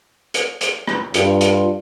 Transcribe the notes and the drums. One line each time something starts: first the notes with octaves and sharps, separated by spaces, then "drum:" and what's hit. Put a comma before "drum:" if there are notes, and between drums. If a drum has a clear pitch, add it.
drum: hi-hat
drum: hi-hat
drum: rim click
G2 F4, drum: hi-hat
drum: hi-hat